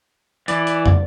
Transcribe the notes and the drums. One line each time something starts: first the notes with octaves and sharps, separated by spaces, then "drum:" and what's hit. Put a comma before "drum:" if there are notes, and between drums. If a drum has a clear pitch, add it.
E3 D5, drum: hi-hat
drum: hi-hat
drum: tom